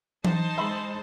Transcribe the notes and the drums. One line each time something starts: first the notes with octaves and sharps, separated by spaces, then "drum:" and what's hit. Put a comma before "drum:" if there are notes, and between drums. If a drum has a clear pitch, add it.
D#4 C5 A5, drum: tom E3
G#3 E5 B5 C6